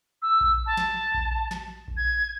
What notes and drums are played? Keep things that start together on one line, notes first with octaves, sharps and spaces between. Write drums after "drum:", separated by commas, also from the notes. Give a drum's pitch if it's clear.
E6
drum: kick A#1
A5
drum: snare
drum: kick A#1
drum: snare
drum: kick A#1
G#6